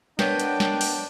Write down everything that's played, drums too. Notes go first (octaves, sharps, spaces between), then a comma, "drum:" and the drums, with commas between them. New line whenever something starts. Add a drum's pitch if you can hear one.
B3 D4 A#4 B4 C#5 D#5 F#5 G5, drum: snare
drum: hi-hat
drum: snare
drum: open hi-hat